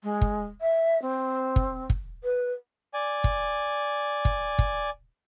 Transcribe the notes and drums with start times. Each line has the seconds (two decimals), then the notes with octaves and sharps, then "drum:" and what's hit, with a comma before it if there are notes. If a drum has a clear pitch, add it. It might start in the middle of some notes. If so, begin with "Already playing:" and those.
0.03 G#3
0.21 drum: kick
0.61 E5
1.02 C4
1.56 drum: kick
1.90 drum: kick
2.23 B4
2.94 D5 G#5
3.24 drum: kick
4.25 drum: kick
4.59 drum: kick